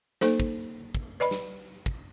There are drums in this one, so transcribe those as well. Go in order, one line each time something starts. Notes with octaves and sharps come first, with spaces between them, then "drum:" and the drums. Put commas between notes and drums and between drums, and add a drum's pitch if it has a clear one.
A#3 D#4 A4 C5, drum: snare
drum: kick
drum: kick
B4 D5 D#5 B5
drum: snare
drum: kick